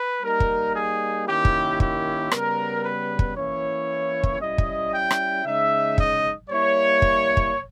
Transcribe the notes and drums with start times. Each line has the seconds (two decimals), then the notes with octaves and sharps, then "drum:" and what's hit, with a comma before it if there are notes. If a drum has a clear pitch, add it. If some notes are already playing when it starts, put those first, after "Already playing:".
Already playing: B4
0.23 G3 A#3 D#4 A#4
0.40 drum: kick
0.75 G#4
1.27 D#3 A#3 C#4 E4 G4
1.45 drum: kick
1.80 G4, drum: kick
2.31 C#3 G3 B3 A#4, drum: rim click
2.84 B4
3.19 drum: kick
3.36 E3 A#3 C#4 E4 C#5
4.23 drum: kick
4.41 G3 C#4 E4 D#5
4.58 drum: kick
4.93 G5
5.11 drum: rim click
5.46 C#3 G#3 D#4 E5
5.98 D#5, drum: kick
6.50 G3 A#3 E4 C#5
7.02 drum: kick
7.37 drum: kick